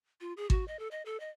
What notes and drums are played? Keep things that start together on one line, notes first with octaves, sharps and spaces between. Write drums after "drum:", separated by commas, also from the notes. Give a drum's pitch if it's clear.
F4
G#4
F#4, drum: kick G#1
D#5
A4
D#5
A4
D#5